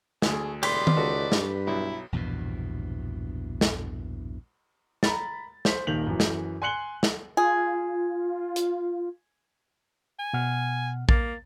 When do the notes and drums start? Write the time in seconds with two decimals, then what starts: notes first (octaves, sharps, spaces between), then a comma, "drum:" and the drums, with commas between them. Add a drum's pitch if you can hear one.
0.22 D2 A3 G#4, drum: snare
0.63 E1 G4 B4 D5 C6, drum: cymbal
0.87 drum: tom D#3
0.96 C#2 D#4 F#4 A4
1.32 G2, drum: snare
1.67 B1 E4
2.12 A#1 E2 G2 B2
3.61 drum: snare
5.03 A#5 B5 A6, drum: snare
5.65 C5 B6, drum: snare
5.87 D#1 A#2 D#3 G6 F7 F#7
6.07 F#2 E3
6.20 drum: snare
6.62 G#5 C6 F#6 C#7 F#7 G7
7.03 drum: snare
7.37 F4 G#4
8.56 drum: hi-hat
10.19 G#5
10.33 B2 F#5 F6
11.09 A#3 A6, drum: kick A#1